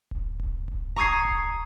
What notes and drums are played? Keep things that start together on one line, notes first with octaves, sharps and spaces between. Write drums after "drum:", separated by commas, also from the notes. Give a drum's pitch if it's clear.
drum: kick D1
drum: kick D1
drum: kick D1
A#5 C#6 D#6 G#6 C7, drum: kick D1
drum: kick D1